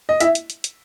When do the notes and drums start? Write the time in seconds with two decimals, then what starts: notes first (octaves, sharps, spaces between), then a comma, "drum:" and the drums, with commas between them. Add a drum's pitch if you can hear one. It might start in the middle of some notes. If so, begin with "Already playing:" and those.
0.09 D#5
0.20 E4 E5, drum: hi-hat
0.35 drum: hi-hat
0.50 drum: hi-hat
0.64 drum: hi-hat